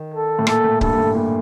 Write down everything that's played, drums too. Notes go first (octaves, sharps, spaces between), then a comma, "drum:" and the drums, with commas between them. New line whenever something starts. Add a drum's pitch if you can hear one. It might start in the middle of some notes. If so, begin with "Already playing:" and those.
Already playing: D#3
A4
A2
A#2 A4, drum: rim click
A2
G2 A4, drum: kick C#1
A2
A#2